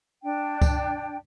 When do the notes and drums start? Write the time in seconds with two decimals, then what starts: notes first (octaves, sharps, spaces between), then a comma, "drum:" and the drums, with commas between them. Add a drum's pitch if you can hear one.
0.23 D4 G5
0.62 drum: kick C#2, tambourine